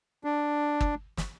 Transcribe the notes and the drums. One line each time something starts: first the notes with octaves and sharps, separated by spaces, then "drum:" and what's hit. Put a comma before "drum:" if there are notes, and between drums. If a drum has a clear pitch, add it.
D4
drum: kick
drum: snare